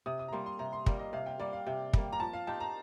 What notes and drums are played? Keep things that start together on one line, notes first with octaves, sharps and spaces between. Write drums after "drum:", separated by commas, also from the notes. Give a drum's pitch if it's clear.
C3 D#6
D#6
A#5
G3 A#3 C6
C6
C3 A#5
C6
G3 A#3 D5, drum: kick
D#5
C3 F5
G5
G3 A#3 D5
F5
C3 G5
G3 A#3, drum: kick
A#5
F3 A5
F5
C4 D#4 G4 A5
A#5